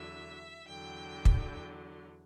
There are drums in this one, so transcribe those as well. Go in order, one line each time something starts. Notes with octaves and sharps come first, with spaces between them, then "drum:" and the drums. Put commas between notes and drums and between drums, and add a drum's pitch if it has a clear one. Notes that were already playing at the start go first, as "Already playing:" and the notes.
Already playing: E2 D3 F#3 E5
E2 D3 F#3 G5
drum: kick